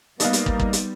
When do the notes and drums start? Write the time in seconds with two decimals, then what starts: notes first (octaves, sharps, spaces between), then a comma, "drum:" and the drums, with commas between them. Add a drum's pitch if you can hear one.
0.20 G3 A#3 B3 D#4 D5 D#5 F5, drum: hi-hat
0.33 drum: hi-hat
0.46 drum: kick
0.60 drum: kick
0.73 drum: hi-hat